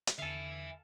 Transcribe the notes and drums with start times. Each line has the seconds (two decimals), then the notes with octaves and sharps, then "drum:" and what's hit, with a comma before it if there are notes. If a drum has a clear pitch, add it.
0.07 drum: hi-hat
0.19 E2 D3 A4 E5 F5 G#5